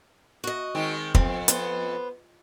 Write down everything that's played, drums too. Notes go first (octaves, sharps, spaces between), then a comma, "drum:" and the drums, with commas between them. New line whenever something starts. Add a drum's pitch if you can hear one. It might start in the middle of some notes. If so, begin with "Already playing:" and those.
F#4 D#5
D#3 G#3 C4
F2 C4, drum: kick
B3 C5, drum: hi-hat